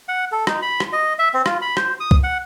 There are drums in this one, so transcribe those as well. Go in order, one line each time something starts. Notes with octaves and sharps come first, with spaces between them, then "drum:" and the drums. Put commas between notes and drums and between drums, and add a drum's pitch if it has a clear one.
F#5
A4
D#4, drum: rim click
B5
drum: rim click
D#5
E5
C4
F4, drum: rim click
B5
C5, drum: rim click
D#6
drum: kick C2
F#5